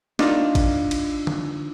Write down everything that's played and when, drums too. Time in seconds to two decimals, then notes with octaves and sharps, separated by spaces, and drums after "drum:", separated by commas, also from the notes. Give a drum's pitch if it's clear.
0.19 D4 D#4 F4, drum: snare
0.55 drum: kick G#1, cymbal
0.91 drum: cymbal
1.27 drum: tom D3